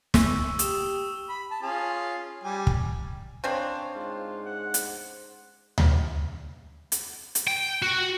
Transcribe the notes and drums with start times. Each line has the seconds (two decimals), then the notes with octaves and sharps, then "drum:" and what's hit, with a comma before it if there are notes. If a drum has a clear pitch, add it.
0.14 C#6 E6, drum: snare
0.59 G4 D#6 E7 G7, drum: hi-hat
1.29 B5
1.51 A5
1.62 C#4 F4 G#4
2.44 G3 G#5
2.67 drum: kick
3.44 C#3 C4 D4 C5 C#5
3.95 G#2 F4
4.46 F#5
4.74 drum: hi-hat
5.78 drum: tom D2
6.92 drum: hi-hat
7.35 drum: hi-hat
7.47 G5
7.82 F#4